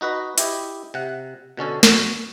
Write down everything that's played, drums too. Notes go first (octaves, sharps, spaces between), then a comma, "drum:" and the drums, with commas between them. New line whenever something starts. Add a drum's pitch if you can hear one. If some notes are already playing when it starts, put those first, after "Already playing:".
D#4 F#4 B4 D#5
E4 G4 D#5, drum: hi-hat
C3 F#5
B2 D3 C#4 A4
F#4, drum: snare